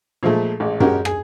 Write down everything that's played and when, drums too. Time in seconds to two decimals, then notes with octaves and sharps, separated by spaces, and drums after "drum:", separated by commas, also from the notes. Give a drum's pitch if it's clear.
0.23 A#2 F3 G#3 A3
0.60 A1 G#3
0.80 G#3 C#4 F#4 G4 A#4, drum: tom F#2
1.05 G#4, drum: rim click